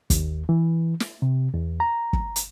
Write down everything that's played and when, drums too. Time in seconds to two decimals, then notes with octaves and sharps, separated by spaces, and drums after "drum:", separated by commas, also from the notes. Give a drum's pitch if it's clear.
0.10 D#2, drum: kick, hi-hat
0.49 E3
1.00 drum: snare
1.22 C3
1.54 E2
1.80 A#5
2.13 drum: kick
2.36 drum: hi-hat